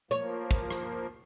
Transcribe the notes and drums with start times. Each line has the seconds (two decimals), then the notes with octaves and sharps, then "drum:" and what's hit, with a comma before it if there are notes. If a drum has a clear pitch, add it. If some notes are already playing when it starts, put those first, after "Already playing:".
0.11 F3 A#3 C#5
0.51 drum: kick
0.71 drum: rim click